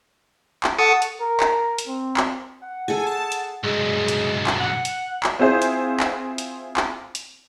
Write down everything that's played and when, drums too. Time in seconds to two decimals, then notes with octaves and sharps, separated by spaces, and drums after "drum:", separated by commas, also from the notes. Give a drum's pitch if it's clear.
0.64 drum: clap
0.79 A4 F#5 C#6 D#6
1.02 drum: hi-hat
1.21 A#4
1.40 drum: clap
1.78 drum: hi-hat
1.88 C4
2.17 drum: clap
2.62 F#5
2.88 G#4 A4 G#5
3.07 A5
3.32 drum: hi-hat
3.64 B1 G2 G#3
4.08 drum: hi-hat
4.47 drum: clap
4.60 F#5
4.85 drum: hi-hat
5.23 drum: clap
5.39 C4 E4 F4 G#4 C5
5.62 drum: hi-hat
6.00 drum: clap
6.38 drum: hi-hat
6.77 drum: clap
7.15 drum: hi-hat